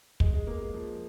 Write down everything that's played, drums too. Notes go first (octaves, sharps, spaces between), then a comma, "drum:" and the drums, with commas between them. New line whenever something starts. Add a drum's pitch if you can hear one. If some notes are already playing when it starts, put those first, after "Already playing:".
G#3, drum: kick
G#3
A#3
G#3
F3